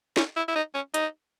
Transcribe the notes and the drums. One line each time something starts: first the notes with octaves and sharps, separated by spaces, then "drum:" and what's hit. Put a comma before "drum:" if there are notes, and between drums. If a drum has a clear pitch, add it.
C#4, drum: snare
E4
E4
D#4
C#4
D#4, drum: hi-hat